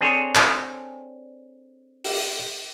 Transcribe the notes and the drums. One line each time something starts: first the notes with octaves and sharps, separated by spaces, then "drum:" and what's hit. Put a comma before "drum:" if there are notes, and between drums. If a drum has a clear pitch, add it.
C4 D4 G#4 A4 C5 C#5
drum: clap
drum: open hi-hat